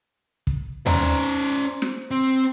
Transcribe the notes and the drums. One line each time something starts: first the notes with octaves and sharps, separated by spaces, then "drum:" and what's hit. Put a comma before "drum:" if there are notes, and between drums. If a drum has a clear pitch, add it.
drum: kick
C#4 C5 D5 A#5, drum: tom D#2
drum: snare
C4